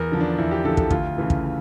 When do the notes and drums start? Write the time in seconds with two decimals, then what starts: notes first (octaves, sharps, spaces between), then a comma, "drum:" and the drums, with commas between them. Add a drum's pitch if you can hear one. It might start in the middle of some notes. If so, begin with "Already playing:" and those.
Already playing: E2 A#4
0.12 D3 F3
0.21 D4
0.38 E2 E4
0.51 G4
0.65 D3 F3 A4
0.77 A4, drum: kick
0.90 D2 F4, drum: kick
1.16 C#3 E3 A3
1.30 drum: kick